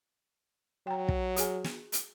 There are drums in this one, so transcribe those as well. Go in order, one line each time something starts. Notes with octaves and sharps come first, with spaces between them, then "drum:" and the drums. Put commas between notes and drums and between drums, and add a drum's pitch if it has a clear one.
F#3 G5 A#5
drum: kick
F#4 G#4 G#5, drum: hi-hat
drum: snare
drum: hi-hat